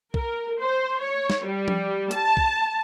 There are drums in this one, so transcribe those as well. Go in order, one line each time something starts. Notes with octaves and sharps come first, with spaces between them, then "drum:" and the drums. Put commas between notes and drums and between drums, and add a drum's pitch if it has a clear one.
A#4, drum: kick B1
C5
C#5
drum: snare
G3
drum: tom F3
A5, drum: hi-hat
drum: kick B1